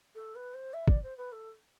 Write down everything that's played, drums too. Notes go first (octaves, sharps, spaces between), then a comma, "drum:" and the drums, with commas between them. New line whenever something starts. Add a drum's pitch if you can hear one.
A4
B4
C5
E5
D5, drum: kick
C5
B4
A4